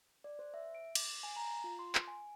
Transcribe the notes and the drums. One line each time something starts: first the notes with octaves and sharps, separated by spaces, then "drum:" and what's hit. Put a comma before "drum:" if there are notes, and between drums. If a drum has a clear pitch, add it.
D5
C5
E5
D7
D6, drum: cymbal
G#5
A#5
F4
C6
drum: clap
G#5